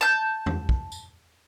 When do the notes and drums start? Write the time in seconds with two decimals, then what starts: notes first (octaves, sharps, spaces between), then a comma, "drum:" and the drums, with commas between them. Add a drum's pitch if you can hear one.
0.01 A5 G6
0.46 drum: tom E2
0.69 drum: kick
0.92 drum: tambourine